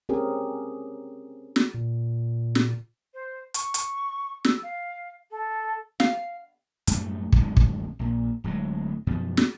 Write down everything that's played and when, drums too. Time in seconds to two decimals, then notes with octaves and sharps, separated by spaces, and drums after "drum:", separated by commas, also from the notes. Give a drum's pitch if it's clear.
0.09 C4 C#4 G4 G#4 A#4
1.56 drum: snare
1.74 A#2
2.55 drum: snare
3.13 C5
3.54 C#6, drum: hi-hat
3.74 drum: hi-hat
4.45 E6, drum: snare
4.62 F5
5.30 A4
6.00 F5, drum: snare
6.87 F#2 A2 G3 A3, drum: hi-hat
7.32 D1 F#2 D#3 G#3, drum: kick
7.57 drum: kick
7.99 A#1 A#2
8.44 D1 A2 F#3 G#3
9.07 F#2 B2 F3
9.37 drum: snare